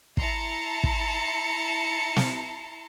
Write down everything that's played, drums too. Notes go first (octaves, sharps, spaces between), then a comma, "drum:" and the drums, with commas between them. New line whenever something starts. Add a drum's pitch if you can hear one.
E4 A5 A#5 C6 C#7, drum: kick
drum: kick
drum: snare